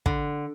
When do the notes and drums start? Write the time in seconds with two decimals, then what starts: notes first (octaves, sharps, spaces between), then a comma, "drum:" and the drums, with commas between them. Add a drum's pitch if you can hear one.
0.06 D3, drum: kick